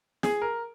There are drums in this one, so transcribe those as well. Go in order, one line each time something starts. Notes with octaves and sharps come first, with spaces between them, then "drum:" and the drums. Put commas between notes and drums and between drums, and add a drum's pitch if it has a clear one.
G#4, drum: snare
A#4